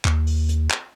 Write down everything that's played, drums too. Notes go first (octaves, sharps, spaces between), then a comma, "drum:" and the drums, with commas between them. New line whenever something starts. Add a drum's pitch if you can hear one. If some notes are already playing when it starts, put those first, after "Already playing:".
D#2, drum: clap
drum: open hi-hat
drum: hi-hat
drum: clap